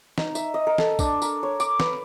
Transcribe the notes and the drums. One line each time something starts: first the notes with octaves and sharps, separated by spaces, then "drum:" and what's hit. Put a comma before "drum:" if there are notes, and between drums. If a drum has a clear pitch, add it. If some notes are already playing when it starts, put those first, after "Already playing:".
D#4, drum: snare
E5, drum: tambourine
D#5
A#4
A4, drum: snare
D4, drum: kick, tambourine
A#4, drum: tambourine
C#5
D6, drum: tambourine
B4, drum: snare